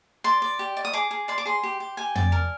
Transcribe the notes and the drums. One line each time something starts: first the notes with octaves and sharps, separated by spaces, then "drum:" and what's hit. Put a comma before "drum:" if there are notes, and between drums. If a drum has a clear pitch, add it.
D5 C6
D5
G4
D5
D#6
G#4 D6
G#4
D5 C6
D6
G#4 C6
G4
G4
G4 G#5
D5, drum: tom
A#4